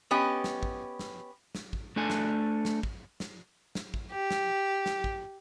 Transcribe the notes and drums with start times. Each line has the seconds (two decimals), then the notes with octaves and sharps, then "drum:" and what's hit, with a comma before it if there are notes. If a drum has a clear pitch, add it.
0.11 B3 C#4 G4 D#5
0.44 drum: snare
0.63 drum: kick
0.99 drum: snare
1.55 drum: snare
1.73 drum: kick
1.96 A3 D4 A4 G#5
2.10 drum: snare
2.65 drum: snare
2.83 drum: kick
3.20 drum: snare
3.75 drum: snare
3.94 drum: kick
4.12 G4
4.31 drum: snare
4.86 drum: snare
5.04 drum: kick